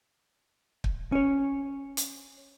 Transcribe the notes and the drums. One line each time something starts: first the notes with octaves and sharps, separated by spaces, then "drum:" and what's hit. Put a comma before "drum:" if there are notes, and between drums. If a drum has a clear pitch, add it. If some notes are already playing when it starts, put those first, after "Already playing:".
drum: kick
C#4 C#5
drum: hi-hat